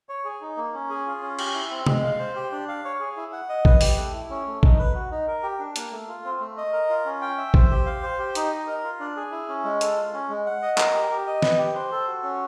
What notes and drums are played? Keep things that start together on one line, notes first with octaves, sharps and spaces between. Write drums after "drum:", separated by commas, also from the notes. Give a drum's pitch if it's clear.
C#5
G#4
D#4
A#3
C#4
G#4
F4
C#4
G4, drum: cymbal
E4
C4
G#3, drum: tom C3
F5
C5
G4
D4
F5
C#5
G#4
E4
F#5
D#5
B4, drum: kick A1
G4, drum: open hi-hat
A3
E4
C#4
A3
D#4, drum: kick A1
B4
F#4
D#4
A#4
G4
D4
A#3, drum: hi-hat
A3
F4
C4
A3
D#5
A#4
F4
C#4
G5
E5
C5, drum: kick A1
G4
F5
C5
G4
D#4, drum: hi-hat
D#5
A#4
F4
D4
G#4
E4
C#4
G#3
A4, drum: hi-hat
F4
C#4
G#3
F#5
D#5
A#4, drum: clap
G4
G4
D#5
B4, drum: snare
G4
C5
A4
F#4
C#4